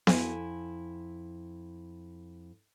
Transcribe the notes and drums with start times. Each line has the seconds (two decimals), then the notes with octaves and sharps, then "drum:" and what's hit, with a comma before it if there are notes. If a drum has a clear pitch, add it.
0.07 F2 E4 G#5, drum: snare B3